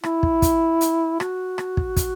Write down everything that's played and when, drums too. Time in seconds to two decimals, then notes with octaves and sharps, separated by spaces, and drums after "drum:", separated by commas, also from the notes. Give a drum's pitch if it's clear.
0.03 E4, drum: rim click
0.23 drum: kick
0.42 drum: kick, hi-hat
0.81 drum: hi-hat
1.20 F#4, drum: rim click
1.58 drum: rim click
1.77 drum: kick
1.96 drum: kick, hi-hat